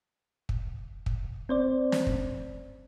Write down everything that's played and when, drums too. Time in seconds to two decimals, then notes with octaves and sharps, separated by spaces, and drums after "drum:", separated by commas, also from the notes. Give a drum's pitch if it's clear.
0.49 drum: kick
1.06 drum: kick
1.49 C4 C5 D5
1.92 drum: snare
2.07 drum: kick